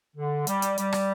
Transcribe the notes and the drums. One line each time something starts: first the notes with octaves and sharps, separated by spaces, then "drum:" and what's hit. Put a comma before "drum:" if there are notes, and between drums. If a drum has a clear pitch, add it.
D3
G3, drum: hi-hat
drum: hi-hat
G3, drum: hi-hat
drum: rim click